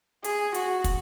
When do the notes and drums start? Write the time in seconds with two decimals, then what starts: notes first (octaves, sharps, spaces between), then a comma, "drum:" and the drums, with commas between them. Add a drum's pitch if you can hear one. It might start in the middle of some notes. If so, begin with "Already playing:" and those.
0.24 G#4, drum: hi-hat
0.54 F#4, drum: hi-hat
0.84 drum: kick, hi-hat